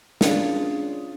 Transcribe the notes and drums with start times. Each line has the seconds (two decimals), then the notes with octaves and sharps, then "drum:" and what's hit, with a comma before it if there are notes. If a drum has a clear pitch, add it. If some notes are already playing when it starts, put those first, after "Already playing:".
0.21 C#4 D4 F4 G#4 C#5 D5, drum: snare